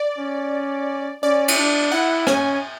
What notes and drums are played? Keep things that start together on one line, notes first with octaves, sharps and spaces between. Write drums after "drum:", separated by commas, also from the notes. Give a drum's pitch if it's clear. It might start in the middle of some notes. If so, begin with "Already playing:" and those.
Already playing: D5
C#4
C#4 D5
drum: cymbal
D4
E4 F#5
C#4 G#5, drum: rim click